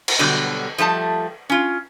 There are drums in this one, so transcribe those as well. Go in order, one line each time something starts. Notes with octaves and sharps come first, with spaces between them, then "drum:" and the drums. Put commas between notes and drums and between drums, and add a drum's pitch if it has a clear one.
drum: cymbal
B2 D3 F#3 G3
F3 G3 A3 A5
C#4 F4